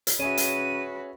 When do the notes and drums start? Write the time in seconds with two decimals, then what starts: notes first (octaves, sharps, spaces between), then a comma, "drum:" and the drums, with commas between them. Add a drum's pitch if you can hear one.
0.07 drum: hi-hat
0.19 C#3 C#4 F#4 G#4 B4 E5 D#7
0.37 drum: hi-hat